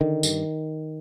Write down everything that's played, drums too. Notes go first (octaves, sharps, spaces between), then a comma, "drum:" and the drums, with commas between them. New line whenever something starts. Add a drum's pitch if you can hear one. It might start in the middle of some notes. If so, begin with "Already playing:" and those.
D3 D#3
G2, drum: tambourine